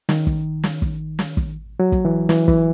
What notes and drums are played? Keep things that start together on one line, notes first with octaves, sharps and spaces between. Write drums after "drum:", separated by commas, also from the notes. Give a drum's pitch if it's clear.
D#3, drum: snare
drum: kick
drum: snare
drum: kick
drum: snare
drum: kick
F#3
drum: kick
E3
E3, drum: snare
E3, drum: kick